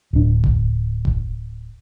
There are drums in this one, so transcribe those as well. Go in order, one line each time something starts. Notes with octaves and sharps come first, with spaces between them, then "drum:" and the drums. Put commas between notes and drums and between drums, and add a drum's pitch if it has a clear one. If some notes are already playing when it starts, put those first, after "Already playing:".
D1 D4
drum: kick F1
drum: kick F1